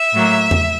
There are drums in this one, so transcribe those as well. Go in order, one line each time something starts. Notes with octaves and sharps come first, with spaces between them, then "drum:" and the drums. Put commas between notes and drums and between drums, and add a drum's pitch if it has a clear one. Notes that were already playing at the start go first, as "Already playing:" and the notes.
Already playing: E5
A2 F#3 A#3
drum: tom E2